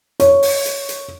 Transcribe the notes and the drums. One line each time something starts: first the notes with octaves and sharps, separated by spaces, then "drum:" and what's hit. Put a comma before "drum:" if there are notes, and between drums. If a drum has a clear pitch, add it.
C#5, drum: hi-hat
drum: open hi-hat
drum: hi-hat
drum: hi-hat